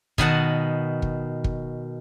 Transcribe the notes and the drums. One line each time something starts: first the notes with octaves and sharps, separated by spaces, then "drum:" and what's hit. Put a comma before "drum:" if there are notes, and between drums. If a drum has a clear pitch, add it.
B2 D#3 F#5 A5, drum: kick
drum: kick
drum: kick